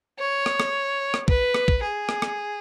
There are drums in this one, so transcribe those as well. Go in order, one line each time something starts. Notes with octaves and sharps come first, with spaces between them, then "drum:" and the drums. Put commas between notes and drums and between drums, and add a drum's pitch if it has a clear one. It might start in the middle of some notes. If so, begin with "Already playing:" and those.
C#5
drum: rim click
drum: rim click
drum: rim click
B4, drum: kick
drum: rim click
drum: kick
G#4
drum: rim click
drum: rim click